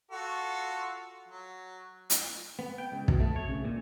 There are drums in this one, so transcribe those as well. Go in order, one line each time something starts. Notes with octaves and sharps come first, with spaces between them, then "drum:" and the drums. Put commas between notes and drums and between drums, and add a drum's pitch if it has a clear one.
F4 F#4 A4
F#3
drum: hi-hat
B3
G5
C#2
B2, drum: kick
A3
C#5
C#3
A#2